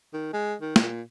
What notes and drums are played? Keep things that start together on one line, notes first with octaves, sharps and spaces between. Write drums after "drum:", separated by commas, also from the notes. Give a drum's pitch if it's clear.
D#3
G#3
D#3
A#2, drum: snare